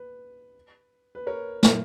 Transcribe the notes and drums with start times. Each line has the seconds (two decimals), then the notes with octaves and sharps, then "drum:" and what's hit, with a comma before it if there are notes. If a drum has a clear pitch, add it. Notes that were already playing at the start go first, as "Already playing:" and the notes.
Already playing: B4
1.15 B4
1.27 A#4 C#5
1.63 A#4, drum: snare